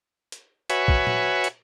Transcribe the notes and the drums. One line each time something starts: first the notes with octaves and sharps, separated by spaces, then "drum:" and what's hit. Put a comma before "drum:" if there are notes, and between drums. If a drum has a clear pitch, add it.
drum: hi-hat
F#4 B4 C#5 E5 G#5, drum: hi-hat
drum: kick
drum: tom A#2
drum: hi-hat